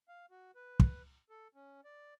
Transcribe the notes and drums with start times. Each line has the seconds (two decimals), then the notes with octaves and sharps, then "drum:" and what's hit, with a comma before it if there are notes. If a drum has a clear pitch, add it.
0.08 F5
0.31 F#4
0.55 B4
0.80 drum: kick
1.30 A4
1.55 C#4
1.84 D5